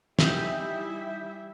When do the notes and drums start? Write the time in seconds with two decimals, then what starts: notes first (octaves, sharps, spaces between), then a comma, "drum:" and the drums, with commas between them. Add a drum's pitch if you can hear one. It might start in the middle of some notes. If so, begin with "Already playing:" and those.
0.19 E3 G3 D#4 E4 G4 E5, drum: snare